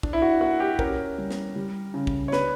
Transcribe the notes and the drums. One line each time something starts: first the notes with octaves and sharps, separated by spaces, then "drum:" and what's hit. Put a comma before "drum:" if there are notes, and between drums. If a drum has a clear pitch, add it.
D4, drum: kick
E4
F#4
A#3 F#4
G4
C#4 A#4, drum: kick
G3
drum: snare
G3
C#3
drum: kick
C#5
D4 B4, drum: snare